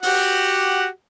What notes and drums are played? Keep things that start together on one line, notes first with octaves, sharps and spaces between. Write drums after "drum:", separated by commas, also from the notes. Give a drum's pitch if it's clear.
F#4 G4 F#5, drum: open hi-hat